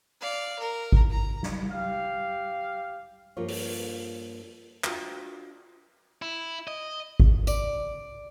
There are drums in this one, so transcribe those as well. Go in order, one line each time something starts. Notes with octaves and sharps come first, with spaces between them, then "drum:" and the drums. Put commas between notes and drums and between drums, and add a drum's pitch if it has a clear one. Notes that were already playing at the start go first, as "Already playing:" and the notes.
D5 F5
A#4
drum: kick G#1
A#5
drum: snare
G4 F5
G2 F3 A#3 F4 C5 C#5
drum: open hi-hat
D4 F4 F#4 G5, drum: clap
E4
D#5
drum: kick G#1
D5, drum: tambourine